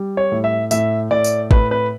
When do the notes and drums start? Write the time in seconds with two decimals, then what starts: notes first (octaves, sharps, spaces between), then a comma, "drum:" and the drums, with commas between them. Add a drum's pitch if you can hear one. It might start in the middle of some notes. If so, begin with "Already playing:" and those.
Already playing: G3
0.17 C#5
0.32 A2
0.44 E5
0.71 A2 E5, drum: tambourine
1.10 A2 D5
1.24 drum: tambourine
1.51 A2 B4, drum: kick G#1
1.71 B4